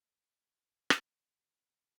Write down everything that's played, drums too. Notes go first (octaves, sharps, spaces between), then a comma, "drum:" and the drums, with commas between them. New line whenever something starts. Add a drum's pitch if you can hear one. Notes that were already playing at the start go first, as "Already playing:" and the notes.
G#2 F3 A#3 F4
drum: rim click
D#3 F#3 C#4